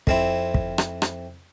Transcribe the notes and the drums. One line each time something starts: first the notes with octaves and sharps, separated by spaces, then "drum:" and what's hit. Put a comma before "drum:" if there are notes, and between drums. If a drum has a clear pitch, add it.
F2 C4 E4, drum: kick
drum: kick
drum: rim click
drum: rim click